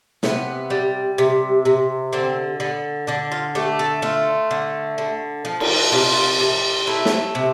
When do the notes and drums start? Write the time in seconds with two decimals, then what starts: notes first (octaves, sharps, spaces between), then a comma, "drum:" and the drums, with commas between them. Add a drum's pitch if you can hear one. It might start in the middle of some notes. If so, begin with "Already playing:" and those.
0.23 C3 B3, drum: snare
0.70 G3
1.18 C3
1.65 C3
2.13 D3 C4
2.60 D3 B3
3.07 D3 D4
3.32 F4
3.55 A3 G4
3.79 A4
4.02 A3 F4
4.51 D3
4.98 D3
5.45 F3
5.60 drum: cymbal
5.92 C3 F4
6.40 C3
6.87 A3 E4
7.05 drum: snare
7.35 C3